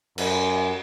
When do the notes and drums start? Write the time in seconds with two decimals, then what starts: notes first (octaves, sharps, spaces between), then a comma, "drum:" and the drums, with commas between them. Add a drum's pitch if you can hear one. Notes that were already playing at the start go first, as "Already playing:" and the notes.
0.18 F#2, drum: cymbal